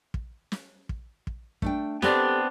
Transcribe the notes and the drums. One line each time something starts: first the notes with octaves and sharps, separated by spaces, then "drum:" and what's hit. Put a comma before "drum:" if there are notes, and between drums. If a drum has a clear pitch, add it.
drum: kick
drum: snare
drum: kick
drum: kick
A3 D4 G5, drum: kick
B3 C4 D4 G4 A4 D5, drum: snare